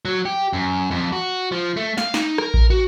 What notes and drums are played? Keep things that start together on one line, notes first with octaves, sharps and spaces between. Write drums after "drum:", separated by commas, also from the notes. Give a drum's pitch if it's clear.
F#3
G4
F#2
F2
F#4
F3
A3
F5, drum: snare
D#4, drum: snare
A#4, drum: rim click
drum: kick A1
F#4